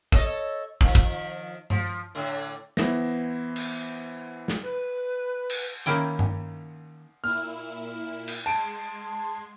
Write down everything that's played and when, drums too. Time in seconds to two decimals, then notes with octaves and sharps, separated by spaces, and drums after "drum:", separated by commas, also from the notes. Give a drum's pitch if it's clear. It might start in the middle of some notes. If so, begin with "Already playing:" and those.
0.12 A4 C#5 D#5, drum: kick
0.81 D#3 F3, drum: kick
0.95 drum: kick
1.70 F3, drum: tom G2
2.15 A2 D3
2.77 E3 B3 E4 C5 A#6, drum: snare
3.56 drum: cymbal
4.48 drum: snare
4.63 B4
5.50 drum: cymbal
5.86 D#3 A#3 C#4 E4 G5
6.19 drum: tom G2
7.24 A#2 E4 F6
8.28 drum: cymbal
8.46 G#3 A5 C6 G#6 D7